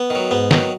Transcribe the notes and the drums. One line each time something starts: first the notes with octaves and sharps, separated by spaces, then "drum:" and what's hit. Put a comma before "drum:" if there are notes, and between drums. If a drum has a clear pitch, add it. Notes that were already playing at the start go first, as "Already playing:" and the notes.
Already playing: B3
D#3 F#3
G#2 B3
D#3 F#3, drum: snare